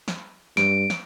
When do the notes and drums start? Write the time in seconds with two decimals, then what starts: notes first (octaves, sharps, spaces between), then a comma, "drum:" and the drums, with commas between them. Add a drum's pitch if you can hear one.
0.08 drum: snare
0.57 G2 D7, drum: snare
0.90 drum: snare